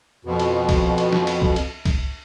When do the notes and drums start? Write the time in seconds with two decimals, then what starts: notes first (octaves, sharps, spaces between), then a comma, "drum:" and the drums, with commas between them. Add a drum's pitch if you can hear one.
0.25 F2 B2
0.39 drum: cymbal
0.69 drum: kick, cymbal
0.98 drum: cymbal
1.12 drum: snare
1.27 drum: cymbal
1.42 drum: kick
1.56 drum: cymbal
1.85 drum: kick, cymbal